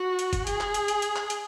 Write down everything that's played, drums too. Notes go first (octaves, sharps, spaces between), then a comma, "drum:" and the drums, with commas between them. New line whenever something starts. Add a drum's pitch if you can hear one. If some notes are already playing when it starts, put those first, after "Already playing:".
Already playing: F#4
drum: hi-hat
drum: kick, hi-hat
G#4, drum: hi-hat
drum: clap
drum: hi-hat
drum: hi-hat
drum: hi-hat
drum: clap
drum: hi-hat